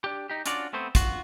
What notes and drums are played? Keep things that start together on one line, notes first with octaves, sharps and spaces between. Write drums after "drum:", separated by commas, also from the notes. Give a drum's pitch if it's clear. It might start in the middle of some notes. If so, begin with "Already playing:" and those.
D4 G4
D#4 G4
C#4 D4 F4 F#4 D5, drum: hi-hat
A3 B3 C4 C5
F4 F#4, drum: kick, hi-hat